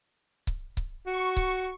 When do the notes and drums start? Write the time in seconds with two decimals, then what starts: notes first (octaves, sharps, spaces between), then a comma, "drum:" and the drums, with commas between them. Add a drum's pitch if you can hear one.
0.47 drum: kick C#1
0.77 drum: kick C#1
1.07 F#4 C#6 C#7
1.37 drum: kick C#1